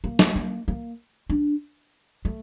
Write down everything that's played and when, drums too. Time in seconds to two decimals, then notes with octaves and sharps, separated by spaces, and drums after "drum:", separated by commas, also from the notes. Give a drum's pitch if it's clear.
0.04 A#3
0.19 drum: snare
0.36 A#3
0.68 A#3
1.30 D4
2.25 A3